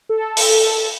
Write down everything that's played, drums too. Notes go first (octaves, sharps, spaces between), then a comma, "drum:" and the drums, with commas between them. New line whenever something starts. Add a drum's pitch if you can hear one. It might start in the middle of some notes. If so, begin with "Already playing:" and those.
A4
drum: open hi-hat